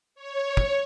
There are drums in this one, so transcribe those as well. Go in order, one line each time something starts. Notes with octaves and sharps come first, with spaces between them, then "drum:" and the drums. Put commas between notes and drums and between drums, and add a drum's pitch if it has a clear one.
C#5
drum: kick